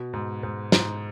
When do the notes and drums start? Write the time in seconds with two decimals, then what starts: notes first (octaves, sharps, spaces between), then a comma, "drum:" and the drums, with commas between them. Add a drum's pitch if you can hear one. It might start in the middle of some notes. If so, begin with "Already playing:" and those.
Already playing: B2
0.13 G#2
0.43 G#2
0.72 G#2, drum: snare